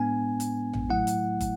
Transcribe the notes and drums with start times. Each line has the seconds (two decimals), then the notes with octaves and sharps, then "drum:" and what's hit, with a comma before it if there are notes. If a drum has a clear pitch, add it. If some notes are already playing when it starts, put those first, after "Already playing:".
Already playing: A2 G#3 B3 D4 G#5
0.40 drum: hi-hat
0.73 drum: tom A1
0.90 A2 F#3 A3 E4 F#5
1.07 drum: hi-hat
1.41 drum: kick, hi-hat